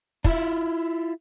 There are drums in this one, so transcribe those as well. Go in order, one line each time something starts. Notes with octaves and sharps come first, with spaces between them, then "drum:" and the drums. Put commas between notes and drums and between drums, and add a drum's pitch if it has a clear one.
D4 E4 F4 E5, drum: kick